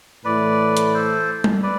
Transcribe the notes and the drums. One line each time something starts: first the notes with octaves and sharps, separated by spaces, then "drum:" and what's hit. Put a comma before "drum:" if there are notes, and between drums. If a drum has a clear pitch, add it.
A2 E3 A3 B4 D5
drum: hi-hat
A4 C5
drum: tom G3
B4 D5